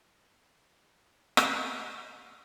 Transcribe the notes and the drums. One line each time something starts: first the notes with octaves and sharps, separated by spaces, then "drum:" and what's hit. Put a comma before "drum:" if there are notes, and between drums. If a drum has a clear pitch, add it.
G2
A2
drum: rim click
A#2